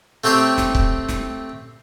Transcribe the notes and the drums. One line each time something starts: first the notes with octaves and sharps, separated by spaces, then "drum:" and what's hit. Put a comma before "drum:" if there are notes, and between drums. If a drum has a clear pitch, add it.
A3 C4 G4 C#5 C6
drum: snare
drum: kick
drum: snare